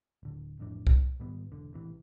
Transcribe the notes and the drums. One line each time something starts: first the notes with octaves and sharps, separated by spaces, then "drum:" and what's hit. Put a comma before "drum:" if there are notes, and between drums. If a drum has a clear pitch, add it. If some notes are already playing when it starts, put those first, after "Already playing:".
D1 D3
A1 F2 A2 D4
drum: kick C2
G#2 D#3 G3 B3
E1 D3
A1 C3 E3